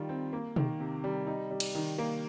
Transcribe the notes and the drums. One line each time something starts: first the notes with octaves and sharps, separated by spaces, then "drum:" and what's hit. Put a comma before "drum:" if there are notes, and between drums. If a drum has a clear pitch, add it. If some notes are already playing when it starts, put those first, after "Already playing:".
Already playing: D#3 G3 F4
C4
A#3
D#3, drum: tom B2
C3
G3
D#4
G3
drum: cymbal
D#3
A#3